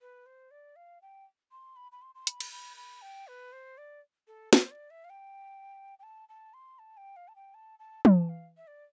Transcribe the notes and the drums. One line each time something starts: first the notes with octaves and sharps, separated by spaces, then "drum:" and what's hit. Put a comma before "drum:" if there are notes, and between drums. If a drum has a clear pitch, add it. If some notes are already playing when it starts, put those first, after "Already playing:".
B4
C5
D5
F5
G5
C6
B5
B5
C6
C6
B5, drum: hi-hat
drum: cymbal
B5
B5
G5
B4
C5
D5
A4
C5, drum: snare
D5
E5
F5
G5
G5
A5
A5
C6
A5
G5
F5
A5
G5
A5
A5
A5, drum: tom
F5
E5
D5